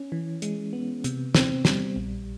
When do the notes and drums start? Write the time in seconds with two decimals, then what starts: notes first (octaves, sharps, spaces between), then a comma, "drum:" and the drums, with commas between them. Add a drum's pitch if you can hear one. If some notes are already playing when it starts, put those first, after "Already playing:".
Already playing: C#4
0.12 E3
0.42 G#3, drum: hi-hat
0.73 B3
1.04 C3, drum: hi-hat
1.35 C4, drum: snare
1.65 G3, drum: snare
1.96 A#1